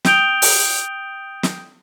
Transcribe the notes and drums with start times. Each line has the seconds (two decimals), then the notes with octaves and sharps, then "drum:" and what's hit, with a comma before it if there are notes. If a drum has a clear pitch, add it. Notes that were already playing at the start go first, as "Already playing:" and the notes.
0.05 G5 D#6 G6 D7 F7 G7, drum: snare
0.42 drum: open hi-hat
1.43 drum: snare